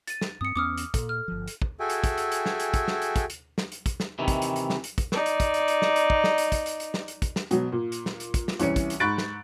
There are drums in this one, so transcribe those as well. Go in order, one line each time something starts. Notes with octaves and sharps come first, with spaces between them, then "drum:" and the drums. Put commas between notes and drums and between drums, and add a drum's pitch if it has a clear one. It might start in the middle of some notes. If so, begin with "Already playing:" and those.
A6 D#7, drum: hi-hat
drum: snare
G2 C4 D#6 C#7
E2 B3 C#4 D6 D#6 F6
drum: hi-hat
A#2 A4, drum: kick, hi-hat
F6
G1 F3
drum: hi-hat
drum: kick
F#4 G#4 A4 E5 G5 G#5
drum: hi-hat
drum: kick, hi-hat
drum: hi-hat
drum: hi-hat
drum: snare
drum: hi-hat
drum: kick, hi-hat
drum: snare
drum: hi-hat
drum: kick, hi-hat
drum: hi-hat
drum: snare
drum: hi-hat
drum: kick, hi-hat
drum: snare
C3 D#3 E3
drum: kick, hi-hat
drum: hi-hat
drum: hi-hat
drum: snare
drum: hi-hat
drum: kick, hi-hat
D#4 D5, drum: snare
drum: hi-hat
drum: kick, hi-hat
drum: hi-hat
drum: hi-hat
drum: snare
drum: hi-hat
drum: kick
drum: snare
drum: hi-hat
drum: kick, hi-hat
drum: hi-hat
drum: hi-hat
drum: snare
drum: hi-hat
drum: kick, hi-hat
drum: snare
B2 F#3, drum: hi-hat
A#2
drum: hi-hat
drum: snare
drum: hi-hat
drum: kick, hi-hat
drum: snare
C2 E3 C#4 C#7, drum: hi-hat
drum: kick, hi-hat
drum: hi-hat
G#2 B5 C#6 F#6 A6 D7
drum: snare